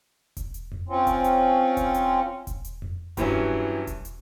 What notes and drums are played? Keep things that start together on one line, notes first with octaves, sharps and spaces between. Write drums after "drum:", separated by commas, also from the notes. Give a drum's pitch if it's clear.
drum: kick E1, hi-hat
drum: hi-hat
drum: tom F2
C4 C#4 F4
drum: kick E1, hi-hat
drum: hi-hat
drum: kick E1, hi-hat
drum: hi-hat
drum: kick E1, hi-hat
drum: hi-hat
drum: tom F2
G2 E3 F#3 C#4, drum: kick E1, hi-hat
drum: kick E1, hi-hat
drum: hi-hat